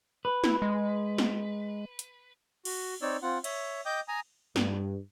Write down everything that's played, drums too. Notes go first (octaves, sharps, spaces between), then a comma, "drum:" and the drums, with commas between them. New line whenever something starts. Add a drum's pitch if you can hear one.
B4
E4, drum: snare
G#3
drum: snare
drum: hi-hat
F#4, drum: cymbal
C4 D#4 C#5 D5 E6
C4 F4 F#5
C#5 E5, drum: cymbal
D#5 G5 D6 D#6 G6
G#5 A#5 D#6
G2, drum: snare